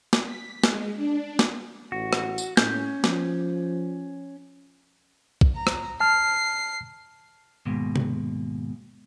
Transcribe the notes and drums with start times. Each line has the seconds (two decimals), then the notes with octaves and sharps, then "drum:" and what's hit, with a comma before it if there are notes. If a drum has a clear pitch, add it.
0.13 drum: snare
0.22 B6
0.64 G#3, drum: snare
0.96 D4
1.39 drum: snare
1.92 A1 F#4
2.13 drum: rim click
2.38 drum: tambourine
2.57 A2 C#4 G6, drum: snare
3.04 F3, drum: snare
5.41 drum: kick B1
5.55 A#5
5.67 drum: rim click
6.00 A5 F6 C7
7.66 D#2 G#2 B2
7.96 drum: tom C3